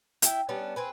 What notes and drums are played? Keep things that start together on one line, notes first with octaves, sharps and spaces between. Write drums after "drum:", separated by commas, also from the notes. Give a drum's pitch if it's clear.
E4 E5 G5, drum: hi-hat
G3 B3 C#4 D4
C4 G#4 B4